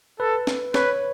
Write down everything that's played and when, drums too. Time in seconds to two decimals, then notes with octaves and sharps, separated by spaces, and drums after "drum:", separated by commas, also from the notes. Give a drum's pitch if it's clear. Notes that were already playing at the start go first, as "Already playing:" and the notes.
0.20 A4 B4
0.47 drum: snare
0.74 B4 C#5, drum: snare